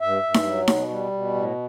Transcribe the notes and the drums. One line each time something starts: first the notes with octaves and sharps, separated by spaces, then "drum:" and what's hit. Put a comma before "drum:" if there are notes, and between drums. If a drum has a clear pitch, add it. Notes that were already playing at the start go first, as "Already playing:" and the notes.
G2 E5
G2
drum: snare D#4
F#3
B2, drum: snare D#4
G3
B2
A2